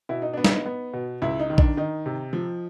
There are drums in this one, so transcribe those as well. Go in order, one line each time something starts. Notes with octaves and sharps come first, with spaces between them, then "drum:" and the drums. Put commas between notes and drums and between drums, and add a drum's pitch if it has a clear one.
B2 E4
D#4
B3 D4
D#4, drum: snare
B3
B2
C#2 E4
D#4
D#3
D4, drum: kick A#1
D#3 D#4
C3
F3